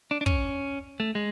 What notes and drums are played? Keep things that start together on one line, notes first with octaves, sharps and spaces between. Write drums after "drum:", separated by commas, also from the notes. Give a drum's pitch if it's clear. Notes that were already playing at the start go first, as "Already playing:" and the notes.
D4
D4
C#4, drum: kick
A3
G#3